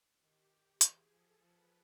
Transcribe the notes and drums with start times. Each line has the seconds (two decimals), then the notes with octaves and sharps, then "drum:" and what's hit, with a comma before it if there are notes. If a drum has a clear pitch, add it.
0.21 D#3 G4
0.81 E3 G#4, drum: hi-hat
1.11 F3 A4
1.40 F3 B4